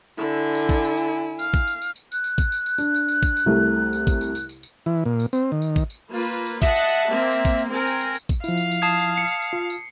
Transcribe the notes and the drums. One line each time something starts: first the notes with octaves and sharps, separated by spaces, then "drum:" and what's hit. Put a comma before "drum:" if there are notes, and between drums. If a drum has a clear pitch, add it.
D3 E4 G#5
drum: tambourine
drum: kick, tambourine
drum: tambourine
drum: tambourine
F5, drum: tambourine
drum: kick, tambourine
drum: tambourine
drum: tambourine
drum: tambourine
F#6, drum: tambourine
drum: tambourine
drum: kick, tambourine
drum: tambourine
drum: tambourine
D4, drum: tambourine
drum: tambourine
drum: tambourine
drum: kick, tambourine
drum: tambourine
C2 C3 A3
drum: tambourine
drum: kick, tambourine
drum: tambourine
drum: tambourine
drum: tambourine
drum: tambourine
E3
A#2
drum: tambourine
C4, drum: tambourine
D#3
drum: tambourine
drum: kick, tambourine
drum: tambourine
A#3 F4 B4
drum: tambourine
drum: tambourine
D#5 E5 F#5 A5, drum: kick, tambourine
drum: tambourine
drum: tambourine
A#3 C4
drum: tambourine
drum: kick, tambourine
drum: tambourine
C4 A#4 G#5
drum: tambourine
drum: tambourine
drum: tambourine
drum: kick, tambourine
F3 E4 F5, drum: tambourine
drum: tambourine
drum: tambourine
A5 D#6 G#6 C7
drum: tambourine
C#7
drum: tambourine
drum: tambourine
F4
drum: tambourine